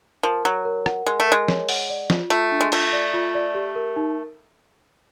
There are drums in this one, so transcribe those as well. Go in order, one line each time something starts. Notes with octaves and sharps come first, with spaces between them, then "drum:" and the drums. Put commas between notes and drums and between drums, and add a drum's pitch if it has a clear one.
F3 A#4
F#3 C#5
A#4
F#5, drum: rim click
G#3 A#4
A3
G#3 A#4
C#5, drum: snare
F#5, drum: open hi-hat
D5
F4, drum: snare
A3 F4, drum: hi-hat
D4
G#3
A3 F4, drum: cymbal
D5
F4
D5
G4
A#4
D#4